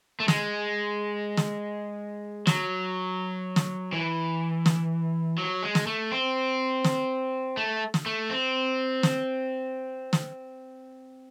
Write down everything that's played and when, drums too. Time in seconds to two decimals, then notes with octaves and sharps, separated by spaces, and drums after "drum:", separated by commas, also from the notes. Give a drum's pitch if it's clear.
0.20 A3
0.28 G#3, drum: snare
1.37 drum: snare
2.47 F#3, drum: snare
3.56 drum: snare
3.93 E3
4.66 drum: snare
5.38 F#3
5.63 G#3
5.75 drum: snare
5.87 A3
6.12 C4
6.84 drum: snare
7.57 A3
7.94 drum: snare
8.06 A3
8.30 C4
9.03 drum: snare
10.13 drum: snare